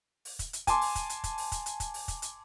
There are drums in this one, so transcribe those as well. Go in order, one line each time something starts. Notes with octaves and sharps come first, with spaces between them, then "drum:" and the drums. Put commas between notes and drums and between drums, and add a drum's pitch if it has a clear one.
drum: open hi-hat
drum: kick, hi-hat
drum: hi-hat
G#5 A5 C6 D6, drum: kick, hi-hat
drum: open hi-hat
drum: kick, hi-hat
drum: hi-hat
drum: kick, hi-hat
drum: open hi-hat
drum: kick, hi-hat
drum: hi-hat
drum: kick, hi-hat
drum: open hi-hat
drum: kick, hi-hat
drum: hi-hat